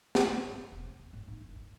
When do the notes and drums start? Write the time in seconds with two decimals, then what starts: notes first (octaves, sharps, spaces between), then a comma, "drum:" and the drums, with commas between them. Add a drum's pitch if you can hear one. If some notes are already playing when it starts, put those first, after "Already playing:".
0.15 F2, drum: snare
0.27 D#3
0.42 G#2
0.55 E3
0.72 E1
0.85 C4
0.99 A#3
1.13 A2
1.28 D#4
1.41 F#1
1.56 A2